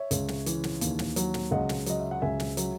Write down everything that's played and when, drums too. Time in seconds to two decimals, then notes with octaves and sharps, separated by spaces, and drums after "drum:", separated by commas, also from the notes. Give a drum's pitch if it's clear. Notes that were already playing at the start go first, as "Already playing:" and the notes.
Already playing: C#5 E5
0.11 C#2, drum: hi-hat
0.28 drum: snare
0.46 E3, drum: hi-hat
0.64 drum: snare
0.81 D#2, drum: hi-hat
0.99 drum: snare
1.16 F#3, drum: hi-hat
1.34 drum: snare
1.51 C#2 D#5 F#5
1.69 drum: snare
1.86 F#3 D#5, drum: hi-hat
2.00 E5
2.11 F#5
2.22 C#2 E5 G#5
2.40 drum: snare
2.57 F#3, drum: hi-hat